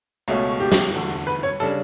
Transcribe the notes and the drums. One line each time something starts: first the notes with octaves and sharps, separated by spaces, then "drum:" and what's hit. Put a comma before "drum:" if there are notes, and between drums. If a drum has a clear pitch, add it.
C#2 B2 A3 C#4
G4
drum: snare
E2 D3 A3
B4
C#5
C#3 G3 D4 A4